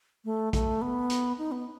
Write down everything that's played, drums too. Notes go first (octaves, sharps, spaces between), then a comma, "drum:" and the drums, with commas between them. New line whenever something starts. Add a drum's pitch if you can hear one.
A3
A3, drum: kick, hi-hat
B3
drum: hi-hat
D#4
B3